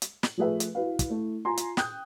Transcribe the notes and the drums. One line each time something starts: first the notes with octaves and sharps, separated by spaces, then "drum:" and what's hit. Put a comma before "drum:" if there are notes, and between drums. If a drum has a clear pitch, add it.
drum: hi-hat
F#7, drum: snare
F3 A3 G#4 B4 E5
drum: hi-hat
E4 F#4 B4 F5
drum: kick, hi-hat
A3 E4
F4 G#5 A#5 C6
drum: hi-hat
G5 D#6 F#6 G6, drum: snare